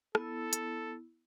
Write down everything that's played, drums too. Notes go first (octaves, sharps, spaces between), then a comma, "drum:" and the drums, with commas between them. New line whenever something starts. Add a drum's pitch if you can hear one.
B3 E4 A4, drum: rim click
drum: hi-hat